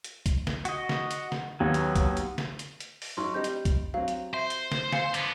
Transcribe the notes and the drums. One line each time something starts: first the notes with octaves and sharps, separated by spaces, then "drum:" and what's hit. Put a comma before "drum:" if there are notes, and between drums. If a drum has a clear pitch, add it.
drum: hi-hat
drum: kick B1, hi-hat
drum: snare
F#4 D#5, drum: hi-hat
drum: snare
drum: hi-hat
drum: snare
D#2 F#3 B3
drum: hi-hat
drum: kick B1, hi-hat
drum: hi-hat
drum: snare
drum: hi-hat
drum: hi-hat
drum: open hi-hat
G#1 F#3 C6 C#6
G3 C4 G4 D#5 G6
drum: hi-hat
drum: kick B1, hi-hat
F#3 C4 F5
drum: hi-hat
C5 E5
drum: hi-hat
drum: snare
F5 G#5 C#7, drum: snare
D3 B3, drum: hi-hat